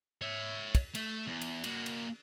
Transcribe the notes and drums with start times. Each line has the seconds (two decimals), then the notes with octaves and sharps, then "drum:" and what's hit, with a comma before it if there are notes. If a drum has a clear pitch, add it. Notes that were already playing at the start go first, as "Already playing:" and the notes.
0.22 C#5 E5
0.75 drum: kick, cymbal
0.95 A3, drum: cymbal
1.27 E2
1.41 drum: cymbal
1.64 A#3 F#4, drum: cymbal
1.86 drum: cymbal